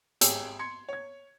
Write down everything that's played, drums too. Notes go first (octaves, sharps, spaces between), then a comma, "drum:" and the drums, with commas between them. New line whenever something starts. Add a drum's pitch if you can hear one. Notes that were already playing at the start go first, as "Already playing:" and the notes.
G#1 G4 G#4 C#5 G5 E6, drum: hi-hat
C6 G#6 C#7
C#5 G#6